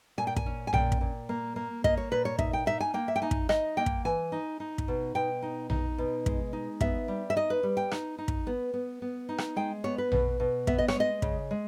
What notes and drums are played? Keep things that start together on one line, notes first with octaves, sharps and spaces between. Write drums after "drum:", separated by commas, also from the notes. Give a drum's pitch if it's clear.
A#2 G#5
G5
G#5, drum: kick
C#4
G#5
A#2 G5, drum: tom A#1
drum: kick
A#2
A#3
A#3
A#3 D#5, drum: kick
C#5
A#2 B4
C#5
D#4 E5, drum: kick
G5
D#4 E5
G#5
A#3 G5
E5
G5
D#4 G#5
drum: kick
D#4 D#5, drum: rim click
A#3 G5
drum: kick
E3 G#5
D#4
D#4
drum: kick
B2
B2 G5
D#4
D#4, drum: tom A#1
B2
G#3, drum: kick
D#4
B3 E5, drum: kick
G3
E5
D#4 D#5
B4
G3
G5
D#4, drum: rim click
D#4
drum: kick
B3
B3
B3
D#4
drum: rim click
G#3 G5
B3 C#5
B4
B2, drum: tom A#1
B2
B3 E5, drum: kick
D#5
C#5, drum: rim click
G#3
D#5
C#3, drum: kick
G#3